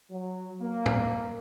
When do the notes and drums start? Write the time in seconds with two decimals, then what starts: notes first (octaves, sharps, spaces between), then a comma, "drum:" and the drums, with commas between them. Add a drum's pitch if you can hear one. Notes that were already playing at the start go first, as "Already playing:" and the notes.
0.11 F#3
0.61 A#3
0.86 drum: tom